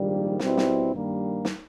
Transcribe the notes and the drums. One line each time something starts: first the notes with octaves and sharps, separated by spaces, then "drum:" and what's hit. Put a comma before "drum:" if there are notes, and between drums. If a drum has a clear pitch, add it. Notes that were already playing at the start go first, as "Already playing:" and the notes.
Already playing: A#1 G#2 D#3 G3 A#3
B2 G3 C4 E4, drum: snare
drum: snare
G2 D#3 G3 A#3
drum: snare